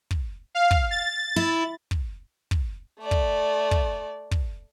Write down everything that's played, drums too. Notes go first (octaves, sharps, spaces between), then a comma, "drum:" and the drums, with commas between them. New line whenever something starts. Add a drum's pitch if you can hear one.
drum: kick
F5
drum: kick
A6
E4
drum: kick
drum: kick
A3 D5
drum: kick
drum: kick
drum: kick